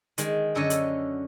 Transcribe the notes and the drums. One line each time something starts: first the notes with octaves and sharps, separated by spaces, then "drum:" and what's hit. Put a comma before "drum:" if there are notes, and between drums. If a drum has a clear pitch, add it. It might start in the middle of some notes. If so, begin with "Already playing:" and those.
D#3 G#3, drum: hi-hat
F#2 D3 C#4 A4 C#5 D#5
drum: hi-hat